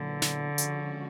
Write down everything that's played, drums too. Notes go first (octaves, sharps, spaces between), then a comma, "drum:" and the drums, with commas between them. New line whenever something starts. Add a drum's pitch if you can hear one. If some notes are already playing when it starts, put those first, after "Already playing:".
Already playing: A#2 D3 F#3 B3 E4
drum: snare
C#3 F3 G#3 C#4 F#4, drum: hi-hat